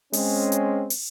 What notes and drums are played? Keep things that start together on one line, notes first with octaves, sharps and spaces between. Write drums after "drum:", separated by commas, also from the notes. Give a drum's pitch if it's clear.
G#3 C4 C#4, drum: open hi-hat
drum: hi-hat
drum: open hi-hat